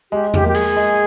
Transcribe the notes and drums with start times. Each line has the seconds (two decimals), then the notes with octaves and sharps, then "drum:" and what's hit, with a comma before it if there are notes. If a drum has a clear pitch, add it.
0.11 G#3 G4
0.34 G4, drum: tom E2
0.44 A#3 G4
0.55 G#4, drum: cymbal
0.76 G#3